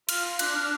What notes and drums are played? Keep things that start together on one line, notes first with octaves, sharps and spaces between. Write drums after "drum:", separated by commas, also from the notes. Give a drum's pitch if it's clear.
F4 F6, drum: cymbal
D4 F#6, drum: cymbal
F6